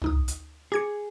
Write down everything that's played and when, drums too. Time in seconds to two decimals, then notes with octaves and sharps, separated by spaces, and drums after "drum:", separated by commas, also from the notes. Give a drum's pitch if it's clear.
0.02 D2 D#4 D#6, drum: tom C2
0.28 drum: hi-hat
0.72 G#4 D6 G#6 C#7